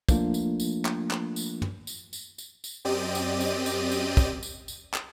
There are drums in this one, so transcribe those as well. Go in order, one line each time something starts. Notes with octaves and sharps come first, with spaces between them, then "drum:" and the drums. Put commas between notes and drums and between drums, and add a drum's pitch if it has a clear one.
F3 A3 A#3 D4 F4, drum: kick, tambourine
drum: tambourine
drum: tambourine
drum: clap
drum: clap
drum: tambourine
drum: tom
drum: tambourine
drum: tambourine
drum: tambourine
drum: tambourine
F#2 C4 G4 D5 D#5 D#7
drum: tambourine
drum: tambourine
drum: tambourine
drum: tambourine
drum: kick, tambourine
drum: tambourine
drum: tambourine
drum: clap